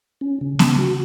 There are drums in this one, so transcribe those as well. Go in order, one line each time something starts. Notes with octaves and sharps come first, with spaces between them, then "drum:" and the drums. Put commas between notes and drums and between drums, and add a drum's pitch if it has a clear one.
C#4
C#3
C#3, drum: snare B3
F#4